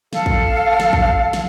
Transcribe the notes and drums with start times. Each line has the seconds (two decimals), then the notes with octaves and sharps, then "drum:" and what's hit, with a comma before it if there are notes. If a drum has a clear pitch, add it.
0.13 A4 F5, drum: snare
0.26 drum: kick
0.80 drum: snare
0.93 drum: kick
1.33 drum: snare